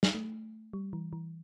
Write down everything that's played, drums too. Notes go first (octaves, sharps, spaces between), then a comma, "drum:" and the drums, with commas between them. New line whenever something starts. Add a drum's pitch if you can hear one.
drum: snare
A3
G3
E3
E3